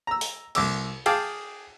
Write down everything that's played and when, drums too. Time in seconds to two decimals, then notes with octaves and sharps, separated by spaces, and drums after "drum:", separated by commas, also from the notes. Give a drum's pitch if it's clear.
0.07 A#5 E6
0.21 drum: open hi-hat
0.55 C2 D6 E6, drum: cymbal
1.06 G#4 F5 G5 A5 D6 D#6, drum: cymbal